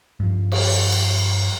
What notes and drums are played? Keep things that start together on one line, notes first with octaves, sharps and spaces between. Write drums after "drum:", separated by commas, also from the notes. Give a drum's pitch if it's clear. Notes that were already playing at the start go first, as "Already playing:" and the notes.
G2 F3
drum: cymbal
drum: cymbal